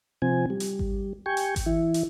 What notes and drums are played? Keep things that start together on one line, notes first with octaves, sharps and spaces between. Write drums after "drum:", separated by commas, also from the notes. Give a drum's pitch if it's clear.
C3 F3 C4 G#5
G3
drum: hi-hat
drum: kick G#1
G4 G5 G#5 C#6
drum: hi-hat
drum: kick G#1, hi-hat
E3 E4
drum: hi-hat